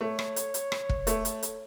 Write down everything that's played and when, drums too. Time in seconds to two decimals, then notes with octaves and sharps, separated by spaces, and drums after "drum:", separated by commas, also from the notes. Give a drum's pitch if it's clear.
0.01 A3 C#5
0.19 drum: rim click
0.36 drum: hi-hat
0.54 drum: hi-hat
0.72 drum: rim click
0.89 drum: kick
1.07 A3, drum: hi-hat
1.25 drum: hi-hat
1.43 drum: hi-hat